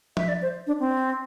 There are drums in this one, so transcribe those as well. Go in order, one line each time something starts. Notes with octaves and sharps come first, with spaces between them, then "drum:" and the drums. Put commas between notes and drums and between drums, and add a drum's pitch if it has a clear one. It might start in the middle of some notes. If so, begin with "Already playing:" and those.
E5, drum: tom F3
D5
C5
D4
C4